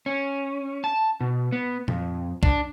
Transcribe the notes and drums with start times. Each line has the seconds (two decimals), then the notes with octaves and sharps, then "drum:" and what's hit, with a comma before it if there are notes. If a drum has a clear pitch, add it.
0.06 C#4
0.84 A5
1.21 B2
1.52 B3
1.88 F2, drum: tom A#2
2.43 D4, drum: kick